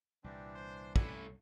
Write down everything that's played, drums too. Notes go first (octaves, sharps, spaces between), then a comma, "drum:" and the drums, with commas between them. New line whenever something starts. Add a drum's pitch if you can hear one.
C2 A#2 E3 G3 C4 D4
C5
A3 C#4 E4, drum: kick